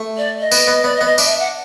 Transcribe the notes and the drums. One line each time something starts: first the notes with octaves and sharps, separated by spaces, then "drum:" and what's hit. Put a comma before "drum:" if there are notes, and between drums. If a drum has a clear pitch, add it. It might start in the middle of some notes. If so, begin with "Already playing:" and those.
Already playing: A3
D5
D#5
B3, drum: tambourine
B3
B3 D5
D#5
B3
D#5
D4 E5, drum: tambourine
E5
F#5